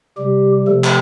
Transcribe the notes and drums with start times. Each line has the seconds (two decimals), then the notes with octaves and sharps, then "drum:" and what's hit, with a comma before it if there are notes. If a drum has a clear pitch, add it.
0.17 C3 G3 G4
0.67 C3 F3 A3 A4
0.84 drum: clap